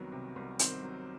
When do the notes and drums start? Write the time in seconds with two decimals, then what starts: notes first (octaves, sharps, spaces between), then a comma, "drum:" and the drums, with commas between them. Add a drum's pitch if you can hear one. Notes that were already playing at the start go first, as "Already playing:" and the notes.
Already playing: C2 C3 D#3 F#3 B3
0.12 C3
0.36 C2
0.59 D#3 C4 C5, drum: hi-hat
0.83 F#3